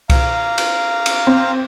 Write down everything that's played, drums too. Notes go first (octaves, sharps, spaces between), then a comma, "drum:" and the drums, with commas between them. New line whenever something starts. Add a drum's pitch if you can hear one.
F5 A#5, drum: kick C2, cymbal
drum: cymbal
drum: cymbal
C4